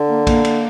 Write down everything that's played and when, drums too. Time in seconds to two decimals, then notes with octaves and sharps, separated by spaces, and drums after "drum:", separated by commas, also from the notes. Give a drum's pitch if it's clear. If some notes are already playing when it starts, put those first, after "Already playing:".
Already playing: D3
0.09 A#3
0.27 A#3, drum: kick A#1, cymbal
0.45 A#3, drum: cymbal